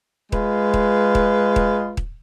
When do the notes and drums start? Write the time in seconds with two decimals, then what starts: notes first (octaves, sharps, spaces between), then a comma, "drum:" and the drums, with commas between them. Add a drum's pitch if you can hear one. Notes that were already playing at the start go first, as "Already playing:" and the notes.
0.32 G#3 F4 B4, drum: kick D#1
0.74 drum: kick D#1
1.15 drum: kick D#1
1.56 drum: kick D#1
1.97 drum: kick D#1